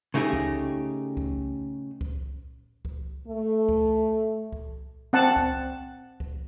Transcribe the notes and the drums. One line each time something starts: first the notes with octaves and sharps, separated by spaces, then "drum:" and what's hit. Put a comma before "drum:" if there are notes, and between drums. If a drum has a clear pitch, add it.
C#3 A3 D#4 G4 G#4
drum: kick C2
drum: kick C2
drum: kick C2
drum: kick C2
A3
drum: kick C2
drum: kick C2
C4 F#5 A5
drum: kick C2
drum: kick C2